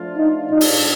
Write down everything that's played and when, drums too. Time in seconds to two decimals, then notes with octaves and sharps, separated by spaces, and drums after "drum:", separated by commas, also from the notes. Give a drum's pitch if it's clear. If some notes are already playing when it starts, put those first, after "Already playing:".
Already playing: F3 A3 D4 F4
0.18 D#4
0.50 A2 G3 D4 D#4 F4
0.61 drum: open hi-hat